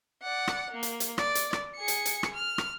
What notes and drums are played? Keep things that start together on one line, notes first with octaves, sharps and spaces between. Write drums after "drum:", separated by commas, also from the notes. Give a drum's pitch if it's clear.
D5 F#5
drum: rim click
A#3
drum: hi-hat
drum: hi-hat
D5, drum: rim click
drum: hi-hat
drum: rim click
G#4 C#7
drum: hi-hat
drum: hi-hat
drum: rim click
F6
drum: rim click